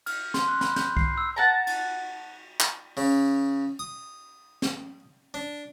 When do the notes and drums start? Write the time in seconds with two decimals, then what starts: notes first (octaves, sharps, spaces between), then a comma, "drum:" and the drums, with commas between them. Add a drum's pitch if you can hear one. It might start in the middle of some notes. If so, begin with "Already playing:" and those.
0.06 F6, drum: cymbal
0.34 C6, drum: snare
0.48 F#6
0.61 B5, drum: snare
0.76 G6, drum: snare
0.97 C7, drum: kick C2
1.18 E6
1.36 F#5 A5 A#5
1.67 drum: cymbal
2.60 drum: clap
2.97 C#3, drum: open hi-hat
3.79 D#6
4.62 drum: snare
5.34 D4